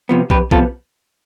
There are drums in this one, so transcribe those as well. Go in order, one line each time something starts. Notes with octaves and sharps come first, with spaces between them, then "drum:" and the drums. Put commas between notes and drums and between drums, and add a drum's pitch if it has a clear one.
C3 F3 B3
F2 G4 B4, drum: kick
C3 F3 B3 F4 A4, drum: kick